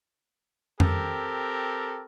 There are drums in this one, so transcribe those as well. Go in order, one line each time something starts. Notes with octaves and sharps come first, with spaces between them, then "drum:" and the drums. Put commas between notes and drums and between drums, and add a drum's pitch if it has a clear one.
C4 G4 A4 A#4, drum: tom F2